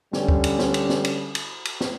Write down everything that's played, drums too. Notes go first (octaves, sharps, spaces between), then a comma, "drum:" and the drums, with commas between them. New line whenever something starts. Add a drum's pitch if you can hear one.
D3 G3 C#4, drum: snare
drum: kick C#2
drum: cymbal
drum: snare
drum: cymbal
drum: snare
drum: cymbal
drum: cymbal
drum: cymbal
drum: snare